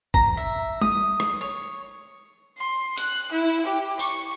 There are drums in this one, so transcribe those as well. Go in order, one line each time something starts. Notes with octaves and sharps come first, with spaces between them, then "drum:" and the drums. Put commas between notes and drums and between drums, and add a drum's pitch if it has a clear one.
A#5, drum: kick G1
E5
D#6, drum: tom
drum: rim click
C#5
C6
F#6, drum: hi-hat
E4
G4
C#6, drum: tambourine